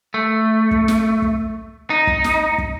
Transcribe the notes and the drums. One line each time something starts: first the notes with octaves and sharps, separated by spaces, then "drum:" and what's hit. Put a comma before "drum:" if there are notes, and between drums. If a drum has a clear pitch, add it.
A3
drum: kick
drum: snare
drum: kick
D#4
drum: kick
drum: snare
drum: kick